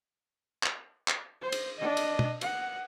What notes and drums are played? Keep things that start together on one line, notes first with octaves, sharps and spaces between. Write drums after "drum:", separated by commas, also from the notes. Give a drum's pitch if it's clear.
drum: clap
drum: clap
C5
drum: cymbal
D4 D#5
drum: cymbal
drum: tom
F#5, drum: cymbal